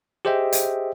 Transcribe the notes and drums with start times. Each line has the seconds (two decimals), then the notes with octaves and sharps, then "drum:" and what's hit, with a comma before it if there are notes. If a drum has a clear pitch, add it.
0.25 G4 G#4 C5 D#5 E5 G5
0.53 drum: hi-hat